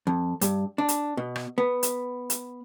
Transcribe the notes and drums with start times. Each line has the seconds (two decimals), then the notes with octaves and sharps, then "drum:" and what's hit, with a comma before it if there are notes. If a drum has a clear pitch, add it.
0.07 F2
0.41 G2, drum: hi-hat
0.78 D4
0.89 drum: hi-hat
1.17 B2
1.36 drum: rim click
1.58 B3
1.83 drum: hi-hat
2.30 drum: hi-hat